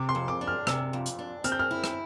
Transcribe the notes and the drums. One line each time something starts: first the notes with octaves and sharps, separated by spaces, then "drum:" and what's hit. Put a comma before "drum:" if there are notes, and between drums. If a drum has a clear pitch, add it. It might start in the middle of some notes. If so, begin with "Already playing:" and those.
Already playing: C3 D6
C6
F2
D6
D4
F6
C3 E6, drum: rim click
F2
drum: hi-hat
D4
C4 F6, drum: hi-hat
G6
F6
E4
drum: rim click